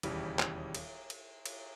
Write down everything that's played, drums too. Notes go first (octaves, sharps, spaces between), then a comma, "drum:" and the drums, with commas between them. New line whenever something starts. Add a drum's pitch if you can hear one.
E1 D#2 C#3 E3 G3, drum: cymbal
drum: clap
drum: cymbal
drum: cymbal
drum: cymbal